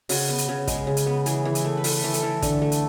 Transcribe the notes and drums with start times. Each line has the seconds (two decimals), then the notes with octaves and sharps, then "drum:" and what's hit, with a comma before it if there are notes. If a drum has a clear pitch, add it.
0.09 C#3 F#4, drum: open hi-hat
0.29 B3
0.38 drum: hi-hat
0.49 C#3
0.67 G#3, drum: kick, hi-hat
0.87 C#3
0.97 drum: hi-hat
1.06 B3
1.26 E3 G#4, drum: hi-hat
1.45 E3
1.55 drum: hi-hat
1.65 A3
1.77 B4
1.84 A3 A4, drum: open hi-hat
2.04 E3
2.14 A4, drum: hi-hat
2.23 E3
2.42 D3, drum: kick, hi-hat
2.62 A3
2.72 drum: hi-hat